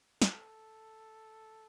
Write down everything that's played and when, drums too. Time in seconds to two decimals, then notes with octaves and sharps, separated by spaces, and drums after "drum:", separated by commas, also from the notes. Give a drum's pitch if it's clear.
0.22 A4, drum: snare